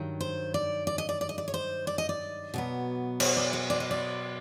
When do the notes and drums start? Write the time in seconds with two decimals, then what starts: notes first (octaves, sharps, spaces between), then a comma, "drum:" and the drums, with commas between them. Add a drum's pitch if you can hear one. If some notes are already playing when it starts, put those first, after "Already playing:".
Already playing: G2 D#3 F#3
0.21 C5
0.54 D5
0.87 D5
0.98 D#5
1.09 D5
1.21 D5
1.29 D#5
1.38 D5
1.48 C#5
1.54 C5
1.87 D5
1.98 D#5
2.09 D5
2.54 B2 F#3 B3
3.20 C#5, drum: cymbal
3.37 D5
3.53 D#5
3.70 D5
3.80 D#5
3.91 D5